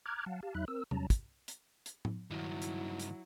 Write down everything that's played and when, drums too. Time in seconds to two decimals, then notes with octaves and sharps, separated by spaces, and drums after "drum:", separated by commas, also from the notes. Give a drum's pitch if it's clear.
0.06 A#5 D6 F6 F#6 G#6
0.26 F#3 F5 F#5 A5
0.43 G4 F5 A5
0.55 E2 F#3 D#4 E5 B5 F#6
0.68 C4 A#4 E6
0.91 E2 F#3 G3 C#4 A5 A#5, drum: tom C3
1.10 drum: kick, hi-hat
1.48 drum: hi-hat
1.86 drum: hi-hat
2.05 drum: tom
2.30 G2 D#3 F#3 E4
2.62 drum: hi-hat
3.00 drum: hi-hat